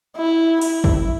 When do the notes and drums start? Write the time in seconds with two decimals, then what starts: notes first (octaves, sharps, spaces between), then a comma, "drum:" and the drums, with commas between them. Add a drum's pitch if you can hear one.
0.16 E4
0.61 E4, drum: cymbal
0.84 drum: kick